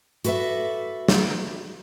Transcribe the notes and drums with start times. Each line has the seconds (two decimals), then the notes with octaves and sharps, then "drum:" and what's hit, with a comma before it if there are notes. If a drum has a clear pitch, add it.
0.24 F#4 A4 B4 D5 E5, drum: hi-hat
1.08 drum: snare